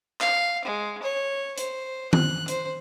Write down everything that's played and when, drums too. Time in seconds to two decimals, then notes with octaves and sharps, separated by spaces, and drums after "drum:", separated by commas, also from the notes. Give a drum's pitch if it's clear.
0.21 F5, drum: clap
0.65 G#3
1.02 C#5
1.58 C5, drum: hi-hat
2.13 F#6, drum: tom D#3
2.48 C5, drum: hi-hat